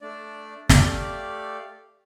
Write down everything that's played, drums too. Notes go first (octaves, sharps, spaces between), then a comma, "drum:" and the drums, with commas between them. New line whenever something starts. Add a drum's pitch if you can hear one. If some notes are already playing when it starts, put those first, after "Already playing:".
A3 D4 D5
A3 G4 A4 D5 F5, drum: snare